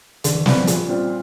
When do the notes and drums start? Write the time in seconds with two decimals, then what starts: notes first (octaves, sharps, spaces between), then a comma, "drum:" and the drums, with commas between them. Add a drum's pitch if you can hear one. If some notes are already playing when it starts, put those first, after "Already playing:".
0.24 D3 D#3, drum: hi-hat
0.35 E3
0.46 F#3 G3 B3 E4, drum: snare
0.57 F3
0.67 A#2, drum: hi-hat
0.89 G3 C4 F4